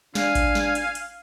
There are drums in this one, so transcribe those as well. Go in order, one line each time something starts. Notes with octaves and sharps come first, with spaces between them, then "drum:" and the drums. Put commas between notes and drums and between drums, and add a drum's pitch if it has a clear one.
D4 F5 G#5, drum: snare
drum: kick A1, hi-hat
drum: snare
drum: hi-hat
drum: hi-hat